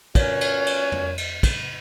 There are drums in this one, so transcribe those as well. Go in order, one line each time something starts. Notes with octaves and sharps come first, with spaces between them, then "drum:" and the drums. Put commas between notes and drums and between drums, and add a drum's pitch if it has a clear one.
F#2 A#2 C#4 A#4 B4 C#5, drum: kick, cymbal
drum: cymbal
drum: cymbal
drum: tom
drum: cymbal
drum: kick, cymbal